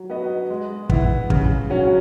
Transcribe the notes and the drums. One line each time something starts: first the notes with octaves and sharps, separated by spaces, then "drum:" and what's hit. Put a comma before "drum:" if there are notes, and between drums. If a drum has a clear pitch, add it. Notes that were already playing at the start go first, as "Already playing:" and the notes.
Already playing: F#3
B3 F#4 B4 D#5
G#3
B3 E4, drum: kick
C#3, drum: kick
F#3 C#4 F#4